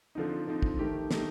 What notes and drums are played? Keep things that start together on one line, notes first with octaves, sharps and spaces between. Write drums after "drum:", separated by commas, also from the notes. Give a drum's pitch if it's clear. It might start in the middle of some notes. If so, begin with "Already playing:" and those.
D3 F3 C4 D#4
D3 F3 C4 D#4
drum: kick
D#3 A3 D#4 G4
D#3 A3 D#4 G4, drum: snare